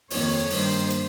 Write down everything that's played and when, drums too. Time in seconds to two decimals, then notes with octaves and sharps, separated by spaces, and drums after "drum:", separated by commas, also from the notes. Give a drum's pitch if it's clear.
0.10 F2 D#3 A#3 C#5, drum: open hi-hat
0.50 G2 D#3 G3 A#3 C5, drum: open hi-hat
0.90 drum: hi-hat